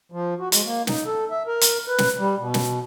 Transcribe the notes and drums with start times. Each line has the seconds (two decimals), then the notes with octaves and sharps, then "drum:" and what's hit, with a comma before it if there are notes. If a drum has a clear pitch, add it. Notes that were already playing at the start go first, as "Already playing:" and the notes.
0.12 F3
0.39 F#4
0.52 G#3, drum: hi-hat
0.65 A#3
0.87 D#4, drum: snare
1.06 A4
1.31 E5
1.47 A#4
1.61 drum: hi-hat
1.88 B4
1.98 drum: snare
2.18 G3
2.39 B2
2.54 drum: snare